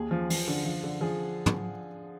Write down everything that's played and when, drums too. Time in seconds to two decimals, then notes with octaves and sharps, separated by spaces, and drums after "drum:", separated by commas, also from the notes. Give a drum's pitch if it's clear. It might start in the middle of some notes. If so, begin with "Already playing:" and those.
Already playing: D#2 G#4
0.11 F3
0.30 F3, drum: open hi-hat
0.47 D3
0.65 F3
0.83 D3
1.01 F3 G#4
1.46 drum: tom